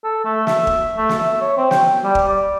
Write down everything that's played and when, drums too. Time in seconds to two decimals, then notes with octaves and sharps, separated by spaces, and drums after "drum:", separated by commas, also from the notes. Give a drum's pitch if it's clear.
0.04 A4
0.25 A3
0.47 E5, drum: snare
0.67 drum: kick
0.97 A3
1.09 drum: snare
1.19 E5
1.41 C#5
1.57 C4
1.71 G5, drum: snare
2.04 G3
2.15 drum: kick
2.28 D5